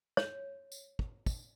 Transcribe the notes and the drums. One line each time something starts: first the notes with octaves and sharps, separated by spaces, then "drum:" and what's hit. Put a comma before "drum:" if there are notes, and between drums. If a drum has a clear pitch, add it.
C#5, drum: snare
drum: tambourine
drum: kick
drum: kick, tambourine